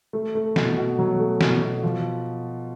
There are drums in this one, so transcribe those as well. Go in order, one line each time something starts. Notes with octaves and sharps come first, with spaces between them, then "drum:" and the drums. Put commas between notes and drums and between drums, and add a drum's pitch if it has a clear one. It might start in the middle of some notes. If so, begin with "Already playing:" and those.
A3
A3
B2, drum: snare
B2
F#3
A3
B2, drum: snare
B2
F3